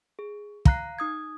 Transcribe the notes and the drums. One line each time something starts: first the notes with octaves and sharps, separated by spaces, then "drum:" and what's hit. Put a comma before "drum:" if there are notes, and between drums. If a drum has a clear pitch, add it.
G#4
F5 A#5 F#6 C7, drum: kick
D#4 D#6 G#6